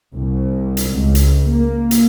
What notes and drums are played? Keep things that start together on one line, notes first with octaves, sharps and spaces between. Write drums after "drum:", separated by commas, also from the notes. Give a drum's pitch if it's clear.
C2
drum: hi-hat
C#2
drum: hi-hat
A#3
drum: hi-hat